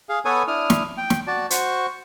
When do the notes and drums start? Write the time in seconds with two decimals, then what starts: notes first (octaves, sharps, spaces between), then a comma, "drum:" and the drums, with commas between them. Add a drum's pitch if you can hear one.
0.09 G#4 F5
0.25 B3 A4 B4 C#5 G#5 D#6
0.47 D4 E4 D#6 F6
0.70 drum: snare
0.97 G5
1.10 drum: snare
1.27 F#4 D5 A5
1.50 F#4 C5 C#6, drum: hi-hat